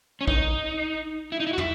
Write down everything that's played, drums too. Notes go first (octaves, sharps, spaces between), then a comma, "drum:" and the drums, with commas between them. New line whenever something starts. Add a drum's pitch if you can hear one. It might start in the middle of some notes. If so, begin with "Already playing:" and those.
C#4
D#4, drum: kick
E4
D#4
E4
F#4
E4, drum: tom